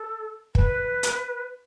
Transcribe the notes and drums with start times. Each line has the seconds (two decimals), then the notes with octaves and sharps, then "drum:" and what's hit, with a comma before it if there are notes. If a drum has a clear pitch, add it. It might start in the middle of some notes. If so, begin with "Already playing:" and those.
Already playing: A4
0.55 B4, drum: kick
1.03 drum: hi-hat